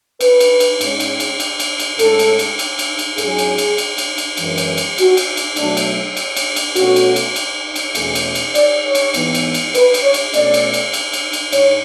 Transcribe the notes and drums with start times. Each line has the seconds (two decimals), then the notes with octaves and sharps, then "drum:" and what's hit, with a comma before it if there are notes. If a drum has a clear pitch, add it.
0.20 B4, drum: cymbal
0.40 drum: cymbal
0.60 drum: cymbal
0.81 G#2 G#3 C#4, drum: cymbal
1.00 drum: cymbal
1.20 drum: cymbal
1.40 drum: cymbal
1.60 drum: cymbal
1.79 drum: cymbal
1.99 A2 G#3 C#4 A4, drum: cymbal
2.19 drum: cymbal
2.39 drum: cymbal
2.59 drum: cymbal
2.79 drum: cymbal
2.99 drum: cymbal
3.18 G#2 F#3 C#4 G#4, drum: cymbal
3.38 drum: cymbal
3.58 drum: cymbal
3.78 drum: cymbal
3.98 drum: cymbal
4.18 drum: cymbal
4.37 F#2 E3 G#3, drum: cymbal
4.58 drum: cymbal
4.77 drum: cymbal
4.98 F#4, drum: cymbal
5.17 drum: cymbal
5.37 drum: cymbal
5.56 B2 F#3 A3 D4, drum: cymbal
5.77 drum: cymbal
6.17 drum: cymbal
6.36 drum: cymbal
6.56 drum: cymbal
6.76 B2 A3 C#4 F#4, drum: cymbal
6.96 drum: cymbal
7.16 drum: cymbal
7.36 drum: cymbal
7.76 drum: cymbal
7.95 E2 B2 A3 C#4 G#4, drum: cymbal
8.15 drum: cymbal
8.35 drum: cymbal
8.55 D5, drum: cymbal
8.84 C#5
8.95 drum: cymbal
9.14 G#2 E3 B3, drum: cymbal
9.34 drum: cymbal
9.54 drum: cymbal
9.75 B4, drum: cymbal
9.94 drum: cymbal
10.03 C#5
10.14 drum: cymbal
10.34 B2 A3 C#4 D5, drum: cymbal
10.54 drum: cymbal
10.74 drum: cymbal
10.93 drum: cymbal
11.13 drum: cymbal
11.33 drum: cymbal
11.52 G#2 C#5, drum: cymbal